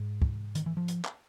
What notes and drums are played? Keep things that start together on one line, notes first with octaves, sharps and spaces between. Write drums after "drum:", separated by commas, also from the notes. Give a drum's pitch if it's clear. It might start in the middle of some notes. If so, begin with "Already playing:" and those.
Already playing: G#2
drum: kick
D#3, drum: hi-hat
E3
F3
drum: hi-hat
drum: clap